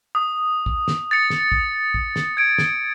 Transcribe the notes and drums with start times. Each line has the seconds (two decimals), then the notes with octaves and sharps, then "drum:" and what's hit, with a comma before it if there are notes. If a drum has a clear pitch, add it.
0.15 D#6
0.66 drum: kick
0.88 drum: snare
1.11 A6 C#7
1.30 drum: snare
1.52 drum: kick
1.94 drum: kick
2.16 drum: snare
2.37 G#6 D7
2.58 drum: snare